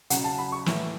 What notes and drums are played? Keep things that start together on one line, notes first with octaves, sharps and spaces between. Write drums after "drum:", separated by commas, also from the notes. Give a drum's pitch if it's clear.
C#3 F#3 F#5, drum: hi-hat
A5
B5
C#6
A2 E3, drum: snare